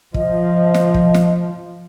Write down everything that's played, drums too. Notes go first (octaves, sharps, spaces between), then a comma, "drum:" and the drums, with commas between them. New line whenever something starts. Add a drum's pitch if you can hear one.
F3 D#5, drum: kick
drum: snare
drum: kick
drum: snare